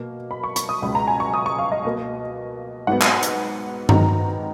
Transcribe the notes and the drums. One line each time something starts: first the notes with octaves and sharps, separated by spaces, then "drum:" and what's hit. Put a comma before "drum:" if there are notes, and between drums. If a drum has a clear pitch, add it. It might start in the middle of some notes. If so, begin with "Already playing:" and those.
Already playing: B2 A#3
B5
C#6
C#6, drum: hi-hat
D#6
C#2 B2 G#3 B5
A#5
G#5
C#6
D#6
C#6
F5
D#5
B2 A#3
G#2 F#3 B3 F#5
drum: clap
drum: hi-hat
G#2 D#3 F#3 B3 A#5, drum: tom G2